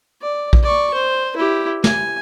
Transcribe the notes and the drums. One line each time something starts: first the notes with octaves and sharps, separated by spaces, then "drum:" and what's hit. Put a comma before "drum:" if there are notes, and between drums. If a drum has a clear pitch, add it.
D5
drum: kick A#1
D5 C#6
C5
E4 G4
G#5, drum: snare